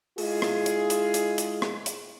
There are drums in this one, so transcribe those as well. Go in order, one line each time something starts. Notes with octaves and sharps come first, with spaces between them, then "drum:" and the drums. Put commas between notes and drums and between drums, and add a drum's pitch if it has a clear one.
G#3 E4 F4 G#4, drum: open hi-hat
drum: rim click
drum: hi-hat
drum: hi-hat
drum: hi-hat
drum: hi-hat
drum: rim click
drum: hi-hat